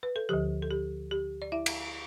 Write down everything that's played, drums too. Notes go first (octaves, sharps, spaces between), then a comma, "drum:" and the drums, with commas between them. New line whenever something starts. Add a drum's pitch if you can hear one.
B4
A4
D2 D3 F3 G4
A4
G4
G4
D5
E4 E5
drum: cymbal